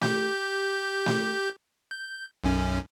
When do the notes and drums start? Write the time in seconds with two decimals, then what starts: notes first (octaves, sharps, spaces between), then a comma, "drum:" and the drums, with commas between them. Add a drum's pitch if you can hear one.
0.01 G4 G6, drum: snare A3
1.06 drum: snare A3
1.91 G6
2.44 B1 F#2 C#4